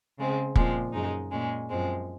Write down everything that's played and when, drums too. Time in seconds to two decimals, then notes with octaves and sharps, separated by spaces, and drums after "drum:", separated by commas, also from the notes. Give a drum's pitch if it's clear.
0.18 C#3 G#3 C4
0.55 A#2 F3 G#3 C4, drum: kick
0.93 F#2 C#3 G#3 D#4
1.31 A#2 G#3 C#4
1.70 F#2 F3 G#3 C4